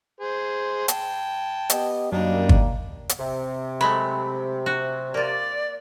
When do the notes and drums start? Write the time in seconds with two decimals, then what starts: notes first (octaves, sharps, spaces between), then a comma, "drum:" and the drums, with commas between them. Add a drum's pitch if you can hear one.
0.20 G#4 C5
0.88 G5 A5, drum: hi-hat
1.70 B3 G4 D#5, drum: hi-hat
2.12 F#2 D#3 G3 A#3 D4 D#4
2.49 drum: kick G1
3.09 drum: hi-hat
3.20 C3
3.81 F#3 G#3 A3 B5
4.66 F#4
5.14 A#3 F4 D5